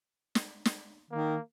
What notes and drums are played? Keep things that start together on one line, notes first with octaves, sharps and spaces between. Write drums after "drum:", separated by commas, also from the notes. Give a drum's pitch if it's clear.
drum: snare
drum: snare
D#3 A#3